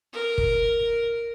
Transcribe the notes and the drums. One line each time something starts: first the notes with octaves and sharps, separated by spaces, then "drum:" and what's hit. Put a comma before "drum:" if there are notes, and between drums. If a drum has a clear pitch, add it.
A#4
drum: kick